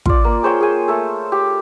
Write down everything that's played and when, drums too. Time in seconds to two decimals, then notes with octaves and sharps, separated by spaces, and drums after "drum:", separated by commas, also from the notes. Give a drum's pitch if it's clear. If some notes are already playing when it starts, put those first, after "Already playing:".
0.06 F4 D5, drum: kick
0.24 A#3
0.43 G#4 C5 C#5 G5
0.60 G#4 G#5
0.88 A3 A4
1.32 G4